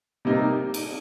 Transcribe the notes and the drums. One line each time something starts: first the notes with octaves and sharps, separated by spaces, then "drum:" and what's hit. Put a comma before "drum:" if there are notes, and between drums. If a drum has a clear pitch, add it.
C3 G3 A#3 D#4 A#4
drum: cymbal